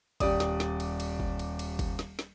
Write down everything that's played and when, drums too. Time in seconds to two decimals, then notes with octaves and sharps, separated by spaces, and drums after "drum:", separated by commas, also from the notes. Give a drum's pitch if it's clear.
0.20 D#1 G4 D5 D#6, drum: kick, cymbal
0.40 drum: snare
0.60 drum: snare
0.80 drum: cymbal
1.00 drum: cymbal
1.20 drum: kick
1.39 drum: cymbal
1.59 drum: cymbal
1.79 drum: kick, cymbal
1.99 drum: snare
2.19 drum: snare